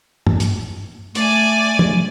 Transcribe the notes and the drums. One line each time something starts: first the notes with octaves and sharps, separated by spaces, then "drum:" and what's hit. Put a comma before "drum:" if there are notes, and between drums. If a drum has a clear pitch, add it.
drum: tom
drum: hi-hat
A3 D5 G#5, drum: hi-hat
drum: tom